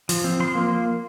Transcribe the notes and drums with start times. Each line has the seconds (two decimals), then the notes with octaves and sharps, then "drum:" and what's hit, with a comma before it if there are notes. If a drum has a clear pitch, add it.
0.09 F3, drum: open hi-hat
0.24 C4
0.40 F3 C6
0.55 A#3